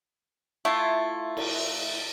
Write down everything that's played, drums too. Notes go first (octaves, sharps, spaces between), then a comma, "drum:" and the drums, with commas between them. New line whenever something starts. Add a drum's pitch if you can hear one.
A3 E4 F4
drum: cymbal